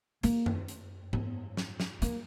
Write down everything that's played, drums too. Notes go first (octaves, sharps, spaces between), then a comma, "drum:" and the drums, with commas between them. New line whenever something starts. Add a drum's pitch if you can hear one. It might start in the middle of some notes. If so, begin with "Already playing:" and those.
A#3, drum: hi-hat
drum: tom F#2
drum: hi-hat
B3, drum: tom G#2
drum: snare
drum: snare
A#3, drum: hi-hat